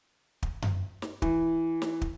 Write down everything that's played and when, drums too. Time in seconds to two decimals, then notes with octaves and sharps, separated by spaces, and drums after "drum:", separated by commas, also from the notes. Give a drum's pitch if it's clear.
0.43 drum: kick
0.62 drum: tom F#2
1.02 drum: snare
1.22 E3, drum: kick
1.82 drum: snare
2.01 drum: kick